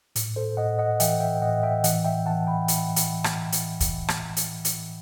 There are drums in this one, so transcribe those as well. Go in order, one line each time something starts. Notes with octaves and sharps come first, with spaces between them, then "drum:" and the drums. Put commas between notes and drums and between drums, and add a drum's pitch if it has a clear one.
A2, drum: hi-hat
A4 C5
A2 D#5 F#5
D#5 F#5
E3 E5 G5, drum: hi-hat
E5 G5
A2 D#5 F#5
E5 G5
E3 D#5 F#5, drum: hi-hat
E5 G5
E3 F#5 A5
G5 B5
drum: hi-hat
drum: hi-hat
drum: rim click
drum: hi-hat
drum: kick, hi-hat
drum: rim click
drum: hi-hat
drum: hi-hat